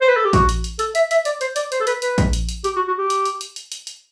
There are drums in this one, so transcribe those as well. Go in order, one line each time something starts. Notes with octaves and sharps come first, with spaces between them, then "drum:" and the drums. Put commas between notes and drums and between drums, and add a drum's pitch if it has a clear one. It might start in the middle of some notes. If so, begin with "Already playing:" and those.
C5
B4
A4
G4
F#4, drum: kick, hi-hat
drum: hi-hat
drum: hi-hat
A4, drum: hi-hat
E5, drum: hi-hat
E5, drum: hi-hat
D5, drum: hi-hat
C5, drum: hi-hat
D5, drum: hi-hat
C5, drum: hi-hat
A4
B4, drum: hi-hat
B4, drum: hi-hat
drum: kick, hi-hat
drum: hi-hat
drum: hi-hat
G4, drum: hi-hat
F#4
F#4
G4
drum: hi-hat
drum: hi-hat
drum: hi-hat
drum: hi-hat
drum: hi-hat
drum: hi-hat